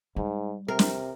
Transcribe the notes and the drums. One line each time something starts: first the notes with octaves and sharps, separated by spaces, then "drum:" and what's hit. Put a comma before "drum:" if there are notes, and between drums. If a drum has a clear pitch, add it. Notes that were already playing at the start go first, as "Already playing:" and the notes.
G#2 G3
C3 A#4
drum: snare